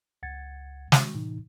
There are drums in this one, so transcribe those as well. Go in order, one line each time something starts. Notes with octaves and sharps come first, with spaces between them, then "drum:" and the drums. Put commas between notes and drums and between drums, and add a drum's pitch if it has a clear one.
C#2 F#5 G#6 A6 C#7
D#3 G#3 F#4, drum: snare
A2 C3 E3 D#4